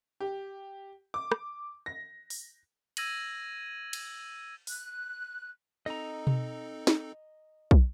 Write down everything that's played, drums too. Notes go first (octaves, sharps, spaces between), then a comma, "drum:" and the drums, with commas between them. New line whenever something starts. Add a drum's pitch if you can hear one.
G4
D6
drum: rim click
A#6
drum: open hi-hat
E6 G#6 A#6 D#7 F#7, drum: cymbal
drum: cymbal
F#6, drum: open hi-hat
C4 D#4 A4 D#5 A#5
drum: tom B2
drum: snare
drum: kick